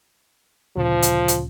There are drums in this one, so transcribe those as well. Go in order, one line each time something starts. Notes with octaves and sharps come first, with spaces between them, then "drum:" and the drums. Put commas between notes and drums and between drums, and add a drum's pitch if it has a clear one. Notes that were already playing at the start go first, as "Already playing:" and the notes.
D2 A#2 C#3 F3
drum: hi-hat
drum: hi-hat